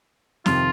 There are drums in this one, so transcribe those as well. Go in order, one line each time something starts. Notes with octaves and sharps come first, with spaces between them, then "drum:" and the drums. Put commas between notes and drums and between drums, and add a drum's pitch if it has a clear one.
F2 C3 D#3 F4, drum: snare